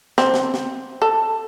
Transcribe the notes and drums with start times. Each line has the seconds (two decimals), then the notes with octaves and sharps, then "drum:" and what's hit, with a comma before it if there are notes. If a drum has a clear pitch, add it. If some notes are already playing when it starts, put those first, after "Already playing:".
0.18 C4, drum: snare
0.34 drum: snare
0.54 drum: snare
1.02 A4